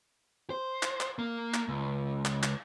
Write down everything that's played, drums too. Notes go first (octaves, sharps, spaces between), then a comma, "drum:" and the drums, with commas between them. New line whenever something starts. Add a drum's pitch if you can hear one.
C5
drum: clap
drum: clap
A#3
drum: clap
C#2
drum: clap
drum: clap